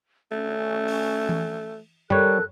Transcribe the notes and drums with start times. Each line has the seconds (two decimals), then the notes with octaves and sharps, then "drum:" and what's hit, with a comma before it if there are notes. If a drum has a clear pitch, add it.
0.32 A3 C#4
0.88 drum: open hi-hat
1.29 drum: tom E3
2.10 G3 A4 A#4 C#5 F#6, drum: tom F#2